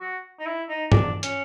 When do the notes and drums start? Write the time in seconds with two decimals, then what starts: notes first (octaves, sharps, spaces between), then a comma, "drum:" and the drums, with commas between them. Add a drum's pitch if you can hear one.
0.01 F#4
0.40 D#4
0.47 E4
0.69 D#4
0.92 D4, drum: tom G2
1.23 C#4, drum: hi-hat